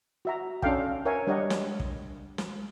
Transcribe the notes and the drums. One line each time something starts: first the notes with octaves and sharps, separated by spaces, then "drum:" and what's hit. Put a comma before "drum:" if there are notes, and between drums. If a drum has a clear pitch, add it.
F#4 E5 A#5
C#4 D4 A4 F5 G5, drum: kick
A#4 C#5 E5 F#5 G#5
G3 D4 G4 C#5 D#5 F#5
drum: snare
drum: kick
drum: snare